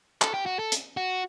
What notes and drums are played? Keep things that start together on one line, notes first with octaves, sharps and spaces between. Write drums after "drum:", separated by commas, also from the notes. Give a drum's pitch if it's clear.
A4, drum: clap
G4
F#4
A4
drum: hi-hat
F#4